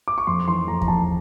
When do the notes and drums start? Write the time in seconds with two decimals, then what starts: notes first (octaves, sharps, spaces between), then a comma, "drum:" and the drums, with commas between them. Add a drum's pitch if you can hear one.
0.08 D6
0.18 C#6
0.27 F2 C6
0.48 E3 C6
0.68 F2 A#5
0.81 A#5, drum: kick E2
0.88 F2 A5